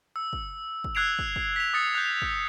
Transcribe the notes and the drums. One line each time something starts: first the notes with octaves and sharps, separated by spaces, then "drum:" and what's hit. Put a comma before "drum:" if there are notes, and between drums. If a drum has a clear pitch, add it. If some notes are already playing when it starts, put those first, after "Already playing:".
E6
drum: kick
drum: kick
E6 F#6 G#6 C7 D7 F7
drum: kick
drum: kick
B6 F7
D#6 A6 C#7
F#6 G6
drum: kick